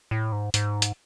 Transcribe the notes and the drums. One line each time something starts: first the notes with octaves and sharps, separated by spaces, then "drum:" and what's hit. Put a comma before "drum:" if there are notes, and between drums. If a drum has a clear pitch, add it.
A2
G#2
G#2, drum: hi-hat
drum: hi-hat